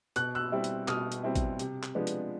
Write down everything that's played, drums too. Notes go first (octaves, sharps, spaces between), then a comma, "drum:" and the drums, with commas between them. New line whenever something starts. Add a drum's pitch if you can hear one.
B2 F#6, drum: hi-hat
E6 F#6
G3 C4 E4
drum: hi-hat
B2 D#6 F6, drum: clap
drum: hi-hat
G3 C4 E4
drum: kick, hi-hat
C3, drum: hi-hat
drum: clap
F3 G#3 B3 D4
drum: hi-hat